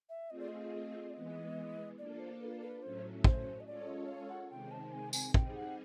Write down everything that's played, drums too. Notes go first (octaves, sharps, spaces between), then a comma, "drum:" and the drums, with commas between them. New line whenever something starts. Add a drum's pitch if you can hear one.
E5
A3 C4 F4 G#4 D#5
D5
D#5
D5
E3 G#3 B3 D#5
A#3 D4 F4 A4 D5
C5
B4
B4
A2 F#3 A3 C#4 C5
C5, drum: kick
D#5
G#3 C#4 F4 A4 C#5 D5
D#5
F5
F#5
C3 D#3 G#3 C4 G5
A5
G#5
G#5, drum: tambourine
G3 C4 D#4 G#4 G5, drum: kick
F#5